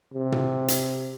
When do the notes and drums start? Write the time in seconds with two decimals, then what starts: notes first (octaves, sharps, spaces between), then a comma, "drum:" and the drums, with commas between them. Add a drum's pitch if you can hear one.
0.14 C3
0.32 drum: tom
0.68 drum: hi-hat